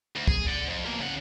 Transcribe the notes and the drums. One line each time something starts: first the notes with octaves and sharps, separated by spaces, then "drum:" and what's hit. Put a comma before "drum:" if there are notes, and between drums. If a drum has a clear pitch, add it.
D2
G#4, drum: kick
D5 F#5
F2
B2 A#3
C#3 F#5